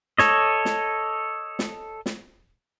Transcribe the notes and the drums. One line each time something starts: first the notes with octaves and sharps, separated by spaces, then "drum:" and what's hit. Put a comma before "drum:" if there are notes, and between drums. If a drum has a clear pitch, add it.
A4 C#5 D#5, drum: snare
drum: snare
drum: snare
drum: snare